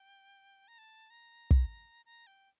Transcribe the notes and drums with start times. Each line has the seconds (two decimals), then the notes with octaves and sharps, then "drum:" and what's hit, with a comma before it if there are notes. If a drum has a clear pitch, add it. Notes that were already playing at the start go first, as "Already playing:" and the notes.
Already playing: G5
0.68 A#5
0.78 A5
1.10 A#5
1.51 drum: kick
2.06 A#5
2.27 G5